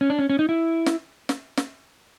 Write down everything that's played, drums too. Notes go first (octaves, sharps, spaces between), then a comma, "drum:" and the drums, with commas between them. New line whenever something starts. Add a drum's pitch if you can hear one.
C#4
D4
C#4
C#4
D#4
E4
drum: snare
drum: snare
drum: snare